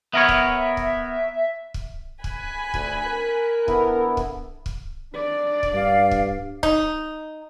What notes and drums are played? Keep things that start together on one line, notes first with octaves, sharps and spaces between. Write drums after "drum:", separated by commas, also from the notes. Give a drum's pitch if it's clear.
B3 A#4 C#5 E5
drum: kick
drum: kick
drum: kick
G#5 B5 F#6, drum: kick
D2, drum: kick
A#4
D3 B3 E4, drum: kick
drum: kick
drum: kick
D4 D5
drum: kick
G2 F5
drum: kick
D#4, drum: kick